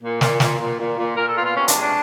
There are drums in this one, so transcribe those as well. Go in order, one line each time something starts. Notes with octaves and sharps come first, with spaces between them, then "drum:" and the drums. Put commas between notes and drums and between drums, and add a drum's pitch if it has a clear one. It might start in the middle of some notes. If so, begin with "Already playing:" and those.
A#2
A#2, drum: snare
A#2, drum: snare
A#2
A#2
A#2
A#2 A#4
A4
B3 F4
F4
C3 C#4
D4, drum: hi-hat
G#3
D4